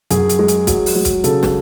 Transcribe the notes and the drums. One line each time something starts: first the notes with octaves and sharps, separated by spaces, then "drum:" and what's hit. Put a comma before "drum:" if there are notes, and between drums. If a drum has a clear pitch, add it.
F#2 G#4, drum: hi-hat
drum: hi-hat
G#3
drum: hi-hat
F#3, drum: kick, hi-hat
drum: open hi-hat
F#3
drum: kick, hi-hat
C#3 A4, drum: hi-hat
drum: snare